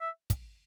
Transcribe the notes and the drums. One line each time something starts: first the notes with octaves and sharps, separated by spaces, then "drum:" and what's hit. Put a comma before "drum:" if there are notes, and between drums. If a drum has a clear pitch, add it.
E5
drum: kick, hi-hat